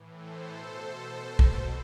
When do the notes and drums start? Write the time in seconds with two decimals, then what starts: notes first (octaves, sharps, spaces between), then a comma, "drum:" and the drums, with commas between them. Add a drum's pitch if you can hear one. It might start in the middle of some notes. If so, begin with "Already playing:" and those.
Already playing: A2 E3
0.17 A4 C5
0.49 B2
1.11 B2
1.39 drum: kick